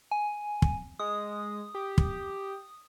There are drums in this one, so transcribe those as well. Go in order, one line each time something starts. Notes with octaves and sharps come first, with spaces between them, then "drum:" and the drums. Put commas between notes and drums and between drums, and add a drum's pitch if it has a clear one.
G#5
drum: kick
G#3 D#6
G4
drum: kick